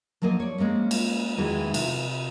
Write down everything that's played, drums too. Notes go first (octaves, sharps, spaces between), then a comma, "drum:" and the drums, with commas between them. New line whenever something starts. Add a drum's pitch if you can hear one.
F3 F#3 A#3 A#4 D#5
C#5 D5
G#3 A#3 C4 C#4
drum: cymbal
E2 D#3 E3 G#3 F#4
C3, drum: cymbal